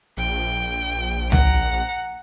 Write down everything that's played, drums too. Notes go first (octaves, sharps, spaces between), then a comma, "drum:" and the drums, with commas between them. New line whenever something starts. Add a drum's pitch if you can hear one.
A#1 G5
F#5 A#5, drum: tom C#2